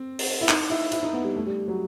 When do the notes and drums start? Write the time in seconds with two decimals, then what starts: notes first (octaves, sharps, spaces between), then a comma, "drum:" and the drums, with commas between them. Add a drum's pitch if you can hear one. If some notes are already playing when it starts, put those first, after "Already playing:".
Already playing: C4
0.19 drum: open hi-hat
0.41 E4
0.49 D#4, drum: clap
0.70 E4
0.92 E4, drum: hi-hat
1.03 D#4
1.13 B3
1.25 G3
1.36 A3
1.46 G3
1.68 F#3